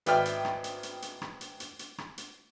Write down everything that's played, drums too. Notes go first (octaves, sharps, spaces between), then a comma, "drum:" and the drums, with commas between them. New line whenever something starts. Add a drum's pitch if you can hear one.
G#1 B4 D5 E5 G5 F6, drum: hi-hat
drum: hi-hat
drum: rim click
drum: hi-hat
drum: hi-hat
drum: hi-hat
drum: rim click
drum: hi-hat
drum: hi-hat
drum: hi-hat
drum: rim click
drum: hi-hat